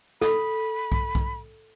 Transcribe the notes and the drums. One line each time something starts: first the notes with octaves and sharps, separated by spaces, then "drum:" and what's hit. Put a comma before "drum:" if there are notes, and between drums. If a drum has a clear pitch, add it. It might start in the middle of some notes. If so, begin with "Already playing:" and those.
A4 B5, drum: snare
drum: kick B1
drum: kick B1